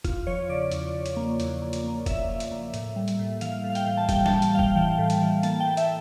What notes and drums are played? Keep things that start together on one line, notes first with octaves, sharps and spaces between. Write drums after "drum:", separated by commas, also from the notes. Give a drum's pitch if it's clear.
E2 F4, drum: kick F1, hi-hat
F3 C#5
C#3 D5
E2, drum: hi-hat
C#3
drum: hi-hat
A#3
E2, drum: hi-hat
A#3
drum: hi-hat
A#3
A#3 E5, drum: kick F1, hi-hat
F3
drum: hi-hat
A#3
A2, drum: hi-hat
G3
drum: hi-hat
A2
E3 F5, drum: hi-hat
A2
F5
G5, drum: hi-hat
A2
A5
G3 G5, drum: kick F1, hi-hat
A5, drum: snare
G3
A5, drum: hi-hat
G3 F5
G5, drum: kick F1
E3 G5
A2
drum: hi-hat
E3
A#3 A5, drum: hi-hat
G5
A2
E5, drum: hi-hat